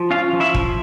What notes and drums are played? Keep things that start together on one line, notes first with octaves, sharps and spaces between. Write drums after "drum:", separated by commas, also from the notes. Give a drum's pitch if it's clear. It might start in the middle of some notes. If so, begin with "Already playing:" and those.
Already playing: F3
C#4 F4 F5
F3
E4 E5
F3, drum: kick